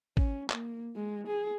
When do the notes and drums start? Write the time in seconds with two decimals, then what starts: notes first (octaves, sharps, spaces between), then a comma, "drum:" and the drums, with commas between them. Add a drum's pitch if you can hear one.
0.17 C#4, drum: kick
0.50 A#3, drum: clap
0.95 G#3
1.27 G#4